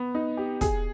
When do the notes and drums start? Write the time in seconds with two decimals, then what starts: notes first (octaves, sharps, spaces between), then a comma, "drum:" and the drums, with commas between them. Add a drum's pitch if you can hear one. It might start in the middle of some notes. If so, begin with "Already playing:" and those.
Already playing: B3
0.15 D#4
0.37 G4
0.61 G#4, drum: kick, hi-hat